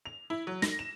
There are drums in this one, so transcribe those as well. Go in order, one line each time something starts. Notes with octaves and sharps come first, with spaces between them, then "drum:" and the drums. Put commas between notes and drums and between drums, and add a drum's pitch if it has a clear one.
F7
E4
F#3
A#6, drum: snare
E7